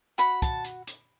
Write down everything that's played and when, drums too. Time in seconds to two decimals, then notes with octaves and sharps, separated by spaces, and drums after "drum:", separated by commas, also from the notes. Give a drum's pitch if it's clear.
0.18 F#4 B5, drum: hi-hat
0.42 A5, drum: kick, hi-hat
0.64 drum: hi-hat
0.87 drum: hi-hat